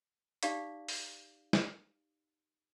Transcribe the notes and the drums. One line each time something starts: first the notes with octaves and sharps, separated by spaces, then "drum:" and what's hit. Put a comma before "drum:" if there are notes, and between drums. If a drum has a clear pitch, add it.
D#4 G4 D5 F5 D6, drum: hi-hat
drum: open hi-hat
drum: snare